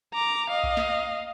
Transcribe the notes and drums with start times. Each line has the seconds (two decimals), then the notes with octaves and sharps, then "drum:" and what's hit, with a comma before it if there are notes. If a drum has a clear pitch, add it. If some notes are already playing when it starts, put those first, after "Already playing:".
0.14 A#5 D6
0.50 D#5 F5
0.64 drum: kick B1
0.77 drum: snare